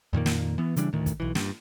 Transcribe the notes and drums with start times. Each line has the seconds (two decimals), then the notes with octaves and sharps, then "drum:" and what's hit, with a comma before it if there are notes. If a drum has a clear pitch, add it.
0.13 F2 A#2 D#3 A#3
0.26 drum: snare
0.58 E3 B3
0.76 C#3 E3 G3 D4, drum: hi-hat
0.93 D2 A2 D#3
1.06 drum: kick, hi-hat
1.20 B1 E3
1.35 G2, drum: snare